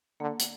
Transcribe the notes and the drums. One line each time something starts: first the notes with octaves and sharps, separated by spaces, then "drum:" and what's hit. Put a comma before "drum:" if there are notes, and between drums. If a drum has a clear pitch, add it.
D3 A#3
drum: hi-hat